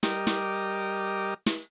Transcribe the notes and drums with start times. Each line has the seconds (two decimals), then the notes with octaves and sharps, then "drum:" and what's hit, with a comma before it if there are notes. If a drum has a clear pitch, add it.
0.03 G3 G4 A#4 D#5 D6, drum: snare
0.27 drum: snare
1.46 drum: snare